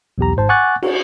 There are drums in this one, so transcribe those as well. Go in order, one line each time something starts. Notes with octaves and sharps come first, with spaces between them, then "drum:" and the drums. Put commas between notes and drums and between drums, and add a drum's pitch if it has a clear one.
B1 E2 G4 A#5
G#1 G#2 C5 A5
F#5 G#5 C#6 D6 F#6 A6
F#4, drum: cymbal